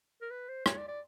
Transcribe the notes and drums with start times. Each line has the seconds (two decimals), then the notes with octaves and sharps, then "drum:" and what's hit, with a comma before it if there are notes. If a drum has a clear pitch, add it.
0.22 A#4
0.31 B4
0.49 C5
0.66 C#5, drum: rim click
0.78 D5
0.88 D5